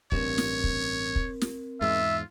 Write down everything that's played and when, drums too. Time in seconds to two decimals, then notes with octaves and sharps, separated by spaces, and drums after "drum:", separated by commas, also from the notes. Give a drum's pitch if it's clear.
0.12 A1 G2 C4 A#4 C#5, drum: kick
0.38 drum: snare
0.64 drum: kick
1.16 drum: kick
1.41 drum: snare
1.81 E2 G#2 G#3 F4 E5